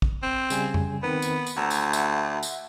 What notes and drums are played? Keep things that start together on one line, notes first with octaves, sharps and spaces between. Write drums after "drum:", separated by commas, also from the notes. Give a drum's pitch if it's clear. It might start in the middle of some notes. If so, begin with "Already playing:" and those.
drum: kick
C4
C#3 G3 G#5, drum: tambourine
drum: tom F2
D#3 B3 C4 B4
drum: tambourine
drum: tambourine
D2 F#5 A#5 E6
drum: tambourine
E5 F#5, drum: tambourine
drum: tambourine